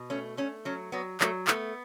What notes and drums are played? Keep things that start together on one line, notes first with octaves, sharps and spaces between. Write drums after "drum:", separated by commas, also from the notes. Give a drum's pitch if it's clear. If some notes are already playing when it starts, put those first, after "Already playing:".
Already playing: B2
A3 C#4
A3 C#4
F#3 C#4
F#3 B3
F#3 A3, drum: clap
A3 B3, drum: clap